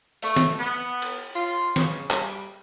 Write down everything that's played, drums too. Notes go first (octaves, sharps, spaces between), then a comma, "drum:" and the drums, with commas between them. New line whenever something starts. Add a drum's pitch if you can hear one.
A3, drum: open hi-hat
drum: snare
B3, drum: tambourine
drum: cymbal
F4, drum: tambourine
C#3, drum: snare
G3, drum: clap